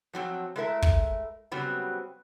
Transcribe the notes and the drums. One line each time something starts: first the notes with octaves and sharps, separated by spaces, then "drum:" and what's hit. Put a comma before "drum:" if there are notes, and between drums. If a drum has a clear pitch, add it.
F3 F#3 B3 C4
G#3 A3 E4 A#4 E5
drum: kick
C#3 F#3 G3 B3 C4 F#4